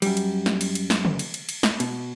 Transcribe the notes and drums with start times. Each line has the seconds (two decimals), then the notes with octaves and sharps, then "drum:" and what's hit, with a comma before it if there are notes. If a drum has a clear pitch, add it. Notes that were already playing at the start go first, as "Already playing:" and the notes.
0.02 F#2 G3, drum: cymbal
0.17 drum: cymbal
0.46 drum: snare
0.61 drum: cymbal
0.75 drum: cymbal
0.90 drum: snare
1.05 drum: tom
1.19 drum: cymbal
1.34 drum: cymbal
1.49 drum: cymbal
1.63 drum: snare
1.80 B2, drum: cymbal